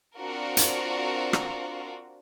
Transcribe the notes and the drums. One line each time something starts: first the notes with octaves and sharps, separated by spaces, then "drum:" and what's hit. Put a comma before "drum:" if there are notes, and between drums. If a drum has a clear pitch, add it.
C4 D4 F4 F#4 A#4
drum: hi-hat
drum: rim click